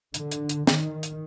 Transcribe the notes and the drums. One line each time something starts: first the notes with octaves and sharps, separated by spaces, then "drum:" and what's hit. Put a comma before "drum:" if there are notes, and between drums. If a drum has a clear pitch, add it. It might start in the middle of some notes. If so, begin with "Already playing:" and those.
D3, drum: hi-hat
drum: hi-hat
drum: hi-hat
D#3, drum: snare
drum: hi-hat